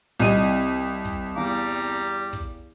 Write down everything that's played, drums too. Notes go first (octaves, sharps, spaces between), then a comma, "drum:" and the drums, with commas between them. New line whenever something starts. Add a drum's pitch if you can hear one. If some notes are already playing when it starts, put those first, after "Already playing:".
C2 E3 C4 D#5 D#7, drum: hi-hat
drum: hi-hat
drum: hi-hat
drum: open hi-hat
drum: kick, hi-hat
drum: hi-hat
E2 G3 F5 A#5 D6
drum: hi-hat
drum: hi-hat
drum: hi-hat
drum: kick, hi-hat